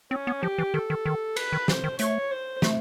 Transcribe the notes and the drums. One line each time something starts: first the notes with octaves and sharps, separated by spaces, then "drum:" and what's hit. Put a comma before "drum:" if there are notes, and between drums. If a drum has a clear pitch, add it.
C4 C#4
B3
F3 G4
E3
D#3 A4
D#3
D#3
B4, drum: cymbal
D#3
E3 C5, drum: snare
D#3
A3 C#5, drum: hi-hat
C5
A3, drum: snare